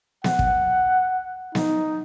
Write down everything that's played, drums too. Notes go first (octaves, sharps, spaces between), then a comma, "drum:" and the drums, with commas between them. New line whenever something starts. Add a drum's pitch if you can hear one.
F#5, drum: snare B3
drum: kick
D#4, drum: snare B3